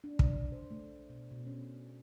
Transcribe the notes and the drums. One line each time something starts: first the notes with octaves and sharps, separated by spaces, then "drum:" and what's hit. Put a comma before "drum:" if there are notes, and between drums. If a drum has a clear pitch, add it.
D4
drum: kick
C5
A3
B2
B2
C#4